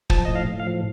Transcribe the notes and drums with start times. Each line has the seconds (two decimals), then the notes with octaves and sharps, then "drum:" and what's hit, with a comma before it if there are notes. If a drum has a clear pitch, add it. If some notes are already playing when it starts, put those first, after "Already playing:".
0.10 F3 A5, drum: kick
0.25 A2 D#5
0.36 F5
0.48 A2
0.60 F5
0.67 F3